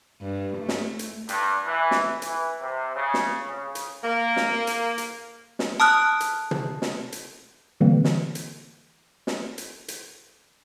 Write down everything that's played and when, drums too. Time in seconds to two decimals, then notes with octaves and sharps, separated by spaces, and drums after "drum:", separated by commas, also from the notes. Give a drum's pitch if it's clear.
0.22 G2
0.57 A3
0.69 drum: snare
0.99 drum: hi-hat
1.29 G2, drum: hi-hat
1.66 E3
1.91 drum: snare
2.22 E3, drum: hi-hat
2.61 C3
2.95 C#3
3.14 drum: snare
3.51 C#3
3.75 drum: hi-hat
4.04 A#3
4.36 drum: snare
4.67 drum: hi-hat
4.98 drum: hi-hat
5.59 drum: snare
5.80 A5 D#6 F6 F#6
6.20 drum: hi-hat
6.51 drum: tom
6.82 drum: snare
7.12 drum: hi-hat
7.80 B2 D3 E3 G3 A#3 C4
8.04 drum: snare
8.35 drum: hi-hat
9.27 drum: snare
9.58 drum: hi-hat
9.88 drum: hi-hat